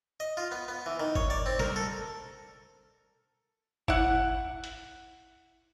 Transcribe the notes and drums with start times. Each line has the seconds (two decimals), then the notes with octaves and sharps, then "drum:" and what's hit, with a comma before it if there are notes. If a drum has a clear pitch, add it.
0.20 D#5
0.37 F4
0.52 B3
0.68 B3
0.86 E3
1.00 D#3
1.15 C#5, drum: kick G#1
1.30 D5
1.46 C4
1.59 A#4, drum: snare
1.76 A4
3.88 E4 F#5, drum: kick G#1
4.64 drum: hi-hat